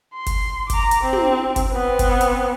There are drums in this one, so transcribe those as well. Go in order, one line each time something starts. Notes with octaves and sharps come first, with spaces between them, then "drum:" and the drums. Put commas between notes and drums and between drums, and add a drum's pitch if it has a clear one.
C6
drum: kick F#1, hi-hat
A#5 D6, drum: kick F#1, hi-hat
drum: hi-hat
C4
drum: tom
drum: kick F#1, hi-hat
B3 C4
drum: kick F#1, hi-hat
drum: hi-hat